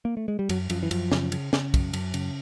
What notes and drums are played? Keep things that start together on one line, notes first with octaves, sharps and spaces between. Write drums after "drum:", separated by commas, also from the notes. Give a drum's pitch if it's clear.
A#3
A3
G#3
G3
F#2 F#3, drum: cymbal
F#2 F3, drum: cymbal
E3
F#2 F3, drum: cymbal
C#3, drum: snare
C#3, drum: cymbal
C#3, drum: snare
F#2, drum: kick, cymbal
F#2, drum: cymbal
C#3, drum: cymbal